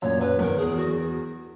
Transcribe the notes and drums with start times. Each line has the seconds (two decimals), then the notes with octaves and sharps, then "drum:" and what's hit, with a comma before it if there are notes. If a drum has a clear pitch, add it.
0.02 F#2 A#2 C#5
0.20 F#2 B4
0.39 E2 A#4, drum: tom
0.58 E2 G#4
0.76 F#4